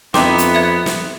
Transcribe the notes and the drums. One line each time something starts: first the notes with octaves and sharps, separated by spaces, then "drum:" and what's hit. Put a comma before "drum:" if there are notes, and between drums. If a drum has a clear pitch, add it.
F2 B3 C4 D#4 E4 D6, drum: snare
drum: hi-hat
E5 G#6
drum: snare